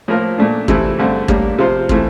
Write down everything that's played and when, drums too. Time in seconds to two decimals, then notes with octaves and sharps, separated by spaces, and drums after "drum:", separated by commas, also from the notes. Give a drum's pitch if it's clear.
0.08 A2 F3 A#3 F4 A#4
0.38 A#2 A3 D4
0.68 C3 E3 A3 E4, drum: kick
0.98 G2 D3 A3 C4
1.28 A2 G3 A#3 D4, drum: kick
1.59 C3 F3 C4 F4 C5
1.89 E3 A3 C4 F4, drum: kick